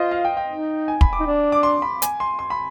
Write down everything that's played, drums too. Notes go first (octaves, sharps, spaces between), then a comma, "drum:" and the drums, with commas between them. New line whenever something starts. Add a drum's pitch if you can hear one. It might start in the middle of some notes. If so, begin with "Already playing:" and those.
Already playing: F4 C5 D#5
F5
G5
G5
D#4
G#5
B5, drum: kick
D6
D#4
D4
D6
C6
B5
G#5, drum: hi-hat
C6
C6
B5